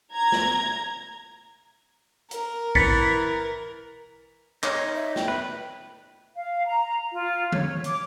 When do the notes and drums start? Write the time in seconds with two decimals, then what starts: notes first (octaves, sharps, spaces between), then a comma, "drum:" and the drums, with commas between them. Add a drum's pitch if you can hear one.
0.14 A#5 G#6
0.32 drum: snare
2.31 A#4, drum: hi-hat
2.75 E3 A6 B6 C#7, drum: kick A#1
4.63 D#4 C#5, drum: clap
4.95 E5
5.16 G5, drum: snare
5.28 B4
6.35 F5
6.67 A#5
7.12 F4
7.52 C#5, drum: tom D3
7.84 D6, drum: hi-hat